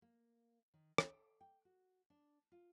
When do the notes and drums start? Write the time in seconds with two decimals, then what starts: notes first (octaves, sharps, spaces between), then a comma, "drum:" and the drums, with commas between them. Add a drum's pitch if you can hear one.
0.02 A#3
0.74 D#3
0.98 A4, drum: rim click
1.41 G5
1.65 F#4
2.10 D4
2.52 F4